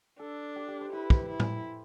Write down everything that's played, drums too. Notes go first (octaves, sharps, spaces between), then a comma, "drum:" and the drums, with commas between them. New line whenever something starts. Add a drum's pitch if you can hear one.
D4 A4
G4
G4
C5
E4 B4
C5, drum: kick
E4
drum: tom A2